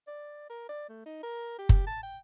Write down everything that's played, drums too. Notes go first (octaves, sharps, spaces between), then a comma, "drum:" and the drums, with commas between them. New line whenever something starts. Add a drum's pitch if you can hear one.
D5
A#4
D5
A3
D#4
A#4
G4
drum: kick F#1
A5
G5